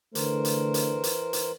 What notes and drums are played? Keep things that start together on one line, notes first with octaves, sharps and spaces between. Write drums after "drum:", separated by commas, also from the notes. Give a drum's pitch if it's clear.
D3 E3 A3 A#4 C5, drum: hi-hat
drum: hi-hat
drum: hi-hat
drum: hi-hat
drum: hi-hat